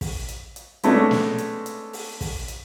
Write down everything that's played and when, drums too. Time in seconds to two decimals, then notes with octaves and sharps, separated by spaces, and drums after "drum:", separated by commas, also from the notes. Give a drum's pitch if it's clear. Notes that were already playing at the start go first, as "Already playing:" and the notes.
0.01 drum: kick, open hi-hat
0.28 drum: hi-hat
0.56 drum: hi-hat
0.83 C3 G#3 A3 B3 C#4 D4, drum: hi-hat
1.11 drum: snare
1.38 drum: hi-hat
1.66 drum: hi-hat
1.93 drum: open hi-hat
2.21 drum: kick, open hi-hat
2.48 drum: hi-hat